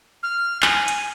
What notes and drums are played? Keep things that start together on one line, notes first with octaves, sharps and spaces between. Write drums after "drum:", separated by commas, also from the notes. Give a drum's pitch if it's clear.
F6
G#5, drum: clap
drum: hi-hat